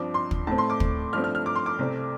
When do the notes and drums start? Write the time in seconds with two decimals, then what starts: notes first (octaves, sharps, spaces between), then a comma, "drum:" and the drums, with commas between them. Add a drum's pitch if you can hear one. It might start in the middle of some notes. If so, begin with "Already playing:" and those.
Already playing: G2 F3 C4 D6
0.14 C6
0.31 drum: kick
0.47 A2 A3 C4 A5
0.58 C6
0.70 D6
0.80 drum: kick
1.13 G2 F3 A3 C4 F6
1.24 F6
1.35 F6
1.46 D6
1.56 C6
1.66 D6
1.79 C2 C3 A3 C4